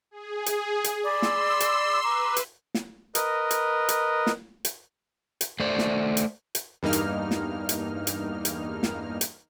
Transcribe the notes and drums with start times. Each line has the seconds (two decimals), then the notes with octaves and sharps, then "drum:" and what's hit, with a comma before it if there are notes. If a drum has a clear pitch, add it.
0.11 G#4
0.46 drum: hi-hat
0.84 drum: hi-hat
1.04 D5 B5 C6 D6 E6
1.22 drum: snare
1.60 drum: hi-hat
2.03 B4 A#5 C#6 D6
2.36 drum: hi-hat
2.74 drum: snare
3.15 A#4 B4 D#5, drum: hi-hat
3.51 drum: hi-hat
3.89 drum: hi-hat
4.27 drum: snare
4.65 drum: hi-hat
5.41 drum: hi-hat
5.60 A3 C5 D5
5.79 drum: snare
6.17 drum: hi-hat
6.55 drum: hi-hat
6.83 E2 G2 A#3 D#4 F6
6.93 drum: hi-hat
7.31 drum: snare
7.69 drum: hi-hat
8.07 drum: hi-hat
8.45 drum: hi-hat
8.83 drum: snare
9.21 drum: hi-hat